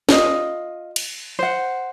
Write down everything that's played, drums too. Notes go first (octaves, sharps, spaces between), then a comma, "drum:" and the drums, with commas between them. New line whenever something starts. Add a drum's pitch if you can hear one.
F4 D#5, drum: snare
drum: cymbal
C5 F#5